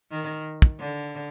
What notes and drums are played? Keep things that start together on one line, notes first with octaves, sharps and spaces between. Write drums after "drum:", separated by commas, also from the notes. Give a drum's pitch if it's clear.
D#3
drum: kick
D3